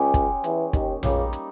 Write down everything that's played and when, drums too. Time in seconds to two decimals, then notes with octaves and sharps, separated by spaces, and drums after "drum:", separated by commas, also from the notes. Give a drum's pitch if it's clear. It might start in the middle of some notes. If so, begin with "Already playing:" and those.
Already playing: C#2 C#3 G#3 C#4 G4
0.14 drum: kick, hi-hat
0.44 E2 E3, drum: hi-hat
0.73 D#2 D#3, drum: kick, hi-hat
1.03 C#2 C#3 G3 A#3 D#4, drum: tom A#1
1.33 drum: hi-hat